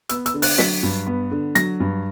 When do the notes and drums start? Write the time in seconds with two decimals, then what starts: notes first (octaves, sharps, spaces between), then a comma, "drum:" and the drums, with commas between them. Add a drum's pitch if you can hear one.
0.09 B3 E6, drum: hi-hat
0.26 E6, drum: hi-hat
0.34 D3
0.42 F#6, drum: open hi-hat
0.58 F#3 B6, drum: snare
0.83 G2
1.07 B3
1.31 D3
1.55 F#3 A#6, drum: hi-hat
1.80 G2